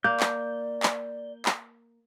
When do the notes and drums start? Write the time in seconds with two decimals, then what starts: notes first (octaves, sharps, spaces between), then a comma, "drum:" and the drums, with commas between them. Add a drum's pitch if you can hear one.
0.04 A#3 D5 G6
0.20 drum: clap
0.83 drum: clap
1.46 drum: clap